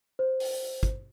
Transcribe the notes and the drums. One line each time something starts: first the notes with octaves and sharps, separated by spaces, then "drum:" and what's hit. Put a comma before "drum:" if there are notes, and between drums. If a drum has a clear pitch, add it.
C5
drum: open hi-hat
drum: kick, hi-hat